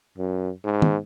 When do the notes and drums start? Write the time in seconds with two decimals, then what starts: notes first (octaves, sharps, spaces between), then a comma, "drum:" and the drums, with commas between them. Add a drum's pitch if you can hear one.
0.18 F#2
0.65 G#2
0.82 drum: tom